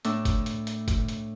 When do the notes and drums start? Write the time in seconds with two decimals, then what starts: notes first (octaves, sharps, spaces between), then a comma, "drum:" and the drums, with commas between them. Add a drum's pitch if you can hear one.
0.05 A2 D4, drum: hi-hat
0.25 drum: kick, hi-hat
0.46 drum: hi-hat
0.67 drum: hi-hat
0.88 drum: kick, hi-hat
1.08 drum: hi-hat